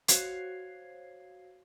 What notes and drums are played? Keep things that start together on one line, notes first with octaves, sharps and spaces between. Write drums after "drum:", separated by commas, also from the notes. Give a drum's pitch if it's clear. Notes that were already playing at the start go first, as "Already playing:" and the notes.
F#4 C5 C#5 F5 G#6 C7, drum: hi-hat